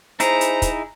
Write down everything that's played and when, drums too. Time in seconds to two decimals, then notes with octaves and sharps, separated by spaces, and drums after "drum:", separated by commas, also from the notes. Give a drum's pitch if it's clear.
0.20 D#4 E4 G#4 C5 A#5, drum: hi-hat
0.41 drum: hi-hat
0.62 drum: kick, hi-hat